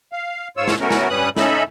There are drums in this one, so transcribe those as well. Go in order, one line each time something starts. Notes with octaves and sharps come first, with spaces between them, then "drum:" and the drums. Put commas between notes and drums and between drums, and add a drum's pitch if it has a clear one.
F5
G#2 F4 C#5 E6
drum: snare
A3 B3 C#4 F#4 A#4
drum: snare
G2 G3 C#4 B4 D#6 F#6
C#4 D#4 A4 E5 B5, drum: snare